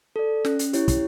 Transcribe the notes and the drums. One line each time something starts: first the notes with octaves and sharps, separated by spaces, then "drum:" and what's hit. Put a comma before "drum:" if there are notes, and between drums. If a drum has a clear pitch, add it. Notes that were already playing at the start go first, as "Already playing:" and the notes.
A4 D5
C#4, drum: snare
drum: hi-hat
E4 G4 C#5, drum: hi-hat
drum: kick, hi-hat